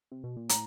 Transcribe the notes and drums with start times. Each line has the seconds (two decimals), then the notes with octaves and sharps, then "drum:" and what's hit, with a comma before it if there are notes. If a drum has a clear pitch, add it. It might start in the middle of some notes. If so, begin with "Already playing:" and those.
0.12 C3
0.24 B2
0.37 A#2
0.49 A2 A#5, drum: hi-hat